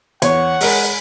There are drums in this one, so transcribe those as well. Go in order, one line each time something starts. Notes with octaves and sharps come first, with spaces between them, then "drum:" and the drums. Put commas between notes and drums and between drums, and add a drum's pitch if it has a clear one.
E2 C#5 F#5 C#6, drum: hi-hat
G#3 A#4 G#5 B5 D7, drum: open hi-hat